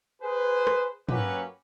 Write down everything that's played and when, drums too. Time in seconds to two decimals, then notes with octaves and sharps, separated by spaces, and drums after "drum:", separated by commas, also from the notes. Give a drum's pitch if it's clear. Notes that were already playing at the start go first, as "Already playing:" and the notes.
0.22 G#4 B4 C5
0.67 drum: rim click
1.09 F#3 A#3 C#4 F#4 G4 B4, drum: tom